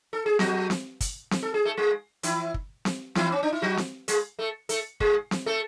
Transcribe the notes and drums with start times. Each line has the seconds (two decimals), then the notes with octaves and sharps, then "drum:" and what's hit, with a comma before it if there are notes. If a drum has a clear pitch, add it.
0.13 A4
0.26 G#4
0.39 F#3 F#4, drum: snare C4
0.70 drum: snare C4
1.01 drum: kick, hi-hat
1.31 drum: snare C4
1.43 A4
1.54 G#4
1.65 A3 A4
1.77 G#3 G#4
2.23 E3 E4, drum: hi-hat
2.54 drum: kick
2.85 drum: snare C4
3.15 E3 E4, drum: snare C4
3.32 C#4
3.43 D4
3.52 E4
3.62 F#3 F#4
3.77 drum: snare C4
4.08 G#3 G#4, drum: hi-hat
4.39 A3 A4
4.69 A3 A4, drum: hi-hat
5.00 G#3 G#4, drum: kick
5.31 drum: snare C4
5.46 A3 A4